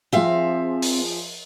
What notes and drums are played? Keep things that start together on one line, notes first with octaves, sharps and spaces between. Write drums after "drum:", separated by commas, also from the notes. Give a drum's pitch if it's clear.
F3 C4 G#4 E5 F5
drum: open hi-hat